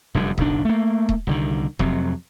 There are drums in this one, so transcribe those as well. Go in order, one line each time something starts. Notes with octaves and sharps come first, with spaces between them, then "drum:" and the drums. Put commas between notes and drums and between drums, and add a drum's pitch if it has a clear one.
F1 F#2 D3 G3
F#1 B1 D#3 D4, drum: kick D#1
A3 A#3
drum: kick D#1
C2 D3 D#3
F2 C3 F#3, drum: kick D#1